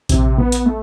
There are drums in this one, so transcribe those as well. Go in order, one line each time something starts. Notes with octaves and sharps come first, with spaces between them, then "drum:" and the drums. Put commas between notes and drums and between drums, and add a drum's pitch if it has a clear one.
C3, drum: kick A#1, hi-hat
B3
drum: hi-hat
A3